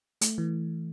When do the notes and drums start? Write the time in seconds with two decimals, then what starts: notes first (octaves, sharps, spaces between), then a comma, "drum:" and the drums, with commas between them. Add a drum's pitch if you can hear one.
0.21 A3, drum: hi-hat
0.38 E3